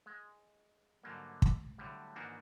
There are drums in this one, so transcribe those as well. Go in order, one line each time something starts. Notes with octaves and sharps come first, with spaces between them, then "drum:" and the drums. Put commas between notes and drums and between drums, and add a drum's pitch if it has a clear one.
G#3
G#2 D3 F#3 G3 A#3
drum: kick
A2 D3 F#3 G3
G#2 D#3 E3 A#3 D4 F#4